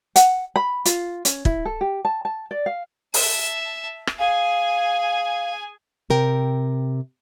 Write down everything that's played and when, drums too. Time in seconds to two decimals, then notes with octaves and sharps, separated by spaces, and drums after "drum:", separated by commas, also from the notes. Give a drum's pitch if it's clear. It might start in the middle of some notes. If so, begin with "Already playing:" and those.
0.16 F#5, drum: hi-hat
0.56 B5
0.85 F4, drum: hi-hat
1.25 C#4, drum: hi-hat
1.45 E4, drum: kick
1.65 A4
1.81 G4
2.05 A5
2.25 A5
2.51 D5
2.66 F5
3.14 E5 A5, drum: open hi-hat
4.07 drum: rim click
4.19 G#4 F5 G#5
6.10 C3 A#4 G5